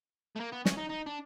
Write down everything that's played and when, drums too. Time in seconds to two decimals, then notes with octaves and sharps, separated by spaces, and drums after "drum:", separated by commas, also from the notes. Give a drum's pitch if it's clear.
0.36 A3
0.40 A#3
0.53 B3
0.66 C#4, drum: snare
0.78 D#4
0.90 D#4
1.07 D4